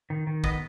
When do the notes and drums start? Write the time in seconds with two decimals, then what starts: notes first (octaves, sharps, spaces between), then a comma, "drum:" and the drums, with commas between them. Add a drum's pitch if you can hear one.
0.10 D#3
0.27 D#3
0.44 B3 D#5, drum: kick